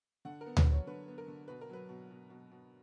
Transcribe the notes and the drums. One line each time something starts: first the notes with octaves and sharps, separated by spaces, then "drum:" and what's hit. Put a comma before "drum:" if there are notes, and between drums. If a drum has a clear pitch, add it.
D3 F#5
A#4
B3
B4, drum: tom D2
F#3
C#5
D3 B4
B3
A#4
D3
B2 B4
A#4
F#3 B4
B2
B2
B2
B2